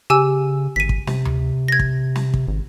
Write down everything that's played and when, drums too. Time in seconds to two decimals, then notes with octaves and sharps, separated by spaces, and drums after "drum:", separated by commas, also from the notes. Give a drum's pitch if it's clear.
0.10 C#3 G4 G#5 E6
0.76 G#1 B6 D#7
0.89 drum: kick
1.07 C3, drum: snare
1.25 drum: tom D2
1.68 G#6 A#6
1.79 drum: kick
2.16 drum: snare
2.34 drum: kick
2.48 G#1